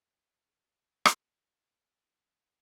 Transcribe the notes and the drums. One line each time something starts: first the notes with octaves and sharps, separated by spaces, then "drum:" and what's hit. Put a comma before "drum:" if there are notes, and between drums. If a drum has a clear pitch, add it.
C#4 D4 A#4
drum: rim click